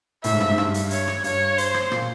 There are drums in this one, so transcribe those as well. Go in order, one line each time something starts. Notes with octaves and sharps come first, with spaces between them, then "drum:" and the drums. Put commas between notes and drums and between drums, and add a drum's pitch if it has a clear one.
A2 E5, drum: hi-hat
G#2
G2, drum: rim click
G#2
G2, drum: rim click
drum: hi-hat
C#5, drum: hi-hat
drum: rim click
G2 C#5, drum: hi-hat
C5, drum: hi-hat
drum: rim click
A#2, drum: rim click